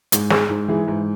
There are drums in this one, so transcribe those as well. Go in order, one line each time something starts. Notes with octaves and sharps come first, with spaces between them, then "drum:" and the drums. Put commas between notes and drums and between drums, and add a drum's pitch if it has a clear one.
G#2, drum: hi-hat
G#3 G#4, drum: snare
G#2
E3 G#4
G#2